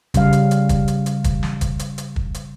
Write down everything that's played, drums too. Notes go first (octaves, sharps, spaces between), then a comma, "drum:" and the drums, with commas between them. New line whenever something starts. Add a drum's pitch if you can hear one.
C#3 G3 F5, drum: kick, hi-hat
drum: hi-hat
drum: hi-hat
drum: kick, hi-hat
drum: hi-hat
drum: hi-hat
drum: kick, hi-hat
drum: snare
drum: kick, hi-hat
drum: hi-hat
drum: hi-hat
drum: kick
drum: hi-hat